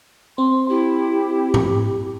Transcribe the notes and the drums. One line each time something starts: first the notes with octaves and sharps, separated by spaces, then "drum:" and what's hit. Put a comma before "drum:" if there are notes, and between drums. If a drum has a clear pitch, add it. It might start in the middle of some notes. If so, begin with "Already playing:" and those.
C4 C6
E4 G4
drum: tom G#2